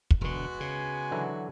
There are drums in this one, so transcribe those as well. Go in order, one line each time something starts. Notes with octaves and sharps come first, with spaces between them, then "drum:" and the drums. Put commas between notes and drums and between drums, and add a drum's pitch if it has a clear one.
drum: kick
E1 D3 G#3 B3 F#4
C#3 G#5
D3 E3 F#3